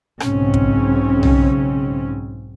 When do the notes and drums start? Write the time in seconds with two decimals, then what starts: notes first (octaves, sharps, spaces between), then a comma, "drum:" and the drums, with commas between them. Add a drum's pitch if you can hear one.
0.20 B1 G#2 C#3 C4 C#4, drum: rim click
0.54 drum: kick
1.23 drum: tom